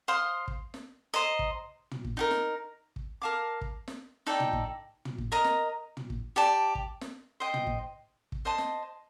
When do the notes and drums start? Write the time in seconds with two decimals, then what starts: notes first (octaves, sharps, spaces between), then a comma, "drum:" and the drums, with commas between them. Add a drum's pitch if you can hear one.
0.08 C5 F5 C6 D#6
0.48 drum: kick
0.74 drum: snare
1.14 C5 D#5 A#5
1.39 drum: kick
1.91 drum: tom
2.04 drum: kick
2.17 D#4 G4 A#4
2.31 drum: snare
2.96 drum: kick
3.22 A#4 F5 A5 D6
3.61 drum: kick
3.88 drum: snare
4.27 D#4 A4 D5 G5
4.40 drum: tom
4.53 drum: kick
5.05 drum: tom
5.18 drum: kick
5.32 A#4 D#5 A#5
5.44 drum: snare
5.97 drum: tom
6.10 drum: kick
6.36 G4 D5 A5
6.75 drum: kick
7.01 drum: snare
7.40 C5 D#5 G5
7.54 drum: tom
7.67 drum: kick
8.32 drum: kick
8.45 C5 D#5 A5 C6
8.58 drum: snare